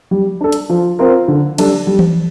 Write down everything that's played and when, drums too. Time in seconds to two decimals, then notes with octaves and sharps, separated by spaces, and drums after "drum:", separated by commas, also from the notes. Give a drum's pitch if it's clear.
0.11 G3
0.41 D4 A4
0.52 drum: hi-hat
0.69 F3
0.99 C4 F4 A#4
1.28 D3
1.58 G3 D4 A4, drum: cymbal
1.87 G3
1.99 drum: tom E3